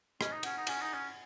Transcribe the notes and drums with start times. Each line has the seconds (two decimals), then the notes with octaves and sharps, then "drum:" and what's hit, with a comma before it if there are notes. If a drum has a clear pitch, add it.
0.21 C#4 D#5, drum: rim click
0.33 D#4
0.43 C#4 F#5, drum: cymbal
0.57 D#4
0.67 C#4 G#5, drum: cymbal
0.82 D#4
0.94 C#4